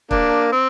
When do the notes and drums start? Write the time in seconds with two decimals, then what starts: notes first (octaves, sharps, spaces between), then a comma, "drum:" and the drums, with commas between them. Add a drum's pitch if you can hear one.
0.11 A#3 D4, drum: kick
0.52 C4